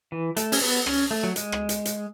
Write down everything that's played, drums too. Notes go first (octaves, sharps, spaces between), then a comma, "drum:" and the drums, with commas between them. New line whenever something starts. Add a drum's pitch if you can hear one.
E3
A3, drum: hi-hat
C#4, drum: open hi-hat
B3
C#4, drum: rim click
A3
F#3
G#3, drum: hi-hat
drum: rim click
drum: hi-hat
drum: hi-hat